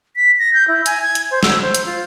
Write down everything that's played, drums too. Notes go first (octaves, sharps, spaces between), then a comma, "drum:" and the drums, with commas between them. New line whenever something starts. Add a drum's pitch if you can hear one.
B6
A#6
G6
E4
G#5, drum: hi-hat
G#6
drum: hi-hat
C5
E6, drum: snare
C5
drum: hi-hat
F4